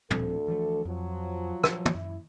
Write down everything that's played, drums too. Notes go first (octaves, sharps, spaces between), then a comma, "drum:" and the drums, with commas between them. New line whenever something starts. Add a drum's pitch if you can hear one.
D#1 D2 F3 C4 A4, drum: tom
E3 F3 A3
F2 F3 F#3
drum: rim click
drum: tom
F#2 E4